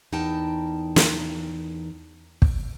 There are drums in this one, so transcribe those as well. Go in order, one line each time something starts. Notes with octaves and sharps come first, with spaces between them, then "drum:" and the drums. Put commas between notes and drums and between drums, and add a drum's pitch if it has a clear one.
E2 D#4 E4 A#4 G5 A5
drum: snare
drum: kick